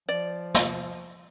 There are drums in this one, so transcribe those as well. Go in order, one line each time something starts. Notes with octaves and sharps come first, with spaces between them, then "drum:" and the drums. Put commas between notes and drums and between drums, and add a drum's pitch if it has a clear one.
F3 D5
drum: snare